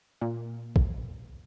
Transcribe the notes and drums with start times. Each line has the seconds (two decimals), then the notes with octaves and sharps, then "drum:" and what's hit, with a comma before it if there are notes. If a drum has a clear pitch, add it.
0.21 A#2
0.76 drum: kick